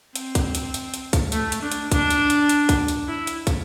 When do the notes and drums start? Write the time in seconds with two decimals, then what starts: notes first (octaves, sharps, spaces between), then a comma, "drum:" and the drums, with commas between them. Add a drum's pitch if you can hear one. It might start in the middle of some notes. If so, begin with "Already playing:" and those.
0.16 C4, drum: hi-hat
0.35 drum: kick, hi-hat
0.55 drum: hi-hat
0.74 drum: hi-hat
0.94 drum: hi-hat
1.13 drum: kick, hi-hat
1.32 A3, drum: hi-hat
1.52 drum: hi-hat
1.62 D4
1.72 drum: hi-hat
1.92 D4, drum: kick, hi-hat
2.10 drum: hi-hat
2.30 drum: hi-hat
2.49 drum: hi-hat
2.69 drum: kick, hi-hat
2.88 drum: hi-hat
3.08 E4
3.27 drum: hi-hat
3.47 drum: kick, hi-hat